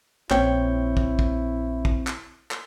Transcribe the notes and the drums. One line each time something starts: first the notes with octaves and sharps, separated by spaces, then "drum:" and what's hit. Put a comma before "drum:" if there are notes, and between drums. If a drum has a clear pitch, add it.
A#1 C4 E4 C#5 G5 C#6 G6, drum: clap
drum: kick
drum: kick
drum: kick
drum: clap
drum: clap